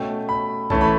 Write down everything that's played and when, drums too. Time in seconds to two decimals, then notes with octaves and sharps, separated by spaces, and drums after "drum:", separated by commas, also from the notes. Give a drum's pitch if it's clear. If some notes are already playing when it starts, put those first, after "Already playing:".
Already playing: B2 A3 C#4 G5
0.29 B5
0.70 E3 A3 C#4 A5, drum: kick
0.81 B5